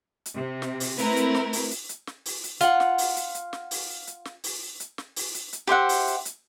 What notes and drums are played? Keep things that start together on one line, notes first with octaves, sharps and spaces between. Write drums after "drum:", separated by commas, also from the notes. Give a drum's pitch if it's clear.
drum: hi-hat
C3
drum: snare
drum: open hi-hat
A3 C4 E4 A#4 B4, drum: hi-hat
drum: hi-hat
drum: snare
drum: open hi-hat
drum: hi-hat
drum: hi-hat
drum: snare
drum: open hi-hat
drum: hi-hat
F4 F#5, drum: hi-hat
drum: snare
drum: open hi-hat
drum: hi-hat
drum: hi-hat
drum: snare
drum: open hi-hat
drum: hi-hat
drum: snare
drum: open hi-hat
drum: hi-hat
drum: snare
drum: open hi-hat
drum: hi-hat
drum: hi-hat
G4 C5 E5 F#5
drum: open hi-hat
drum: hi-hat
drum: hi-hat